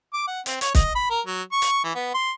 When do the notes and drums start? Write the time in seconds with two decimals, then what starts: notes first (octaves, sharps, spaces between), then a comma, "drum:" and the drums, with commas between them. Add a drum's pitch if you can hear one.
0.13 D6
0.27 F#5
0.46 C4, drum: hi-hat
0.61 C#5, drum: hi-hat
0.75 D#5, drum: kick, hi-hat
0.95 B5
1.10 A#4
1.26 F#3
1.52 C#6
1.62 drum: hi-hat
1.84 E3
1.95 B3
2.14 C6